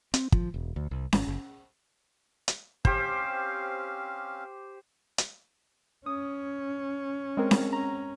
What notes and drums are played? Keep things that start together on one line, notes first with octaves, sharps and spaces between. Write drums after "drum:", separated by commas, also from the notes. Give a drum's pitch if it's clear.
C4, drum: hi-hat
F3, drum: kick
E1
D2
C2
G#1, drum: snare C#4
F#1
drum: hi-hat
C4 C#4 G4 C5 F5, drum: kick
drum: hi-hat
C#4 D#6
G#3 C4 A#4
drum: snare C#4
C#4 A#5